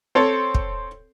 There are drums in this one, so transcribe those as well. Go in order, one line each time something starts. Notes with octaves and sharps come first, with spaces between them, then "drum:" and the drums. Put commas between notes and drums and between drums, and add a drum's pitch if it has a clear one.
C4 A4 C#5
drum: kick